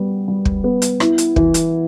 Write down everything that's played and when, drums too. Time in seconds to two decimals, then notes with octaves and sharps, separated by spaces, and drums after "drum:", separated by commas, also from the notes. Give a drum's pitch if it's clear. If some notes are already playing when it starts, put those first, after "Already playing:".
Already playing: G3 B3
0.28 G3
0.45 drum: kick
0.64 B3
0.82 drum: hi-hat
1.00 E4, drum: rim click
1.18 drum: hi-hat
1.36 E3, drum: kick
1.54 drum: hi-hat